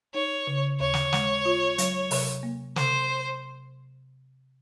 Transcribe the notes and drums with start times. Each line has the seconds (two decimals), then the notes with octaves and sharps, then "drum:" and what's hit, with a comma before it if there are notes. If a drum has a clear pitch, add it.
0.14 D#4 C#5
0.47 C#3
0.80 D#2 C#5
0.94 drum: snare
1.13 G#3, drum: snare
1.45 F4
1.78 F#3, drum: hi-hat
2.11 C3, drum: open hi-hat
2.43 A#3
2.76 C3 C5, drum: snare